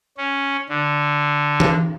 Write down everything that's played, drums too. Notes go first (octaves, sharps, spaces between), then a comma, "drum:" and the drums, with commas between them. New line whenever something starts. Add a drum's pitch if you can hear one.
C#4
D3
drum: tom E3